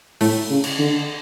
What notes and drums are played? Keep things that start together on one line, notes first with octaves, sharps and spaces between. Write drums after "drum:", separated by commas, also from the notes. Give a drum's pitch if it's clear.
A2 A3, drum: open hi-hat
C#3
drum: cymbal
D3